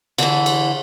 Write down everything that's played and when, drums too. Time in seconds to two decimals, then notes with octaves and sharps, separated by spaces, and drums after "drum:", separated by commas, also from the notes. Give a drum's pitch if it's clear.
0.18 D3 E3, drum: cymbal
0.46 drum: cymbal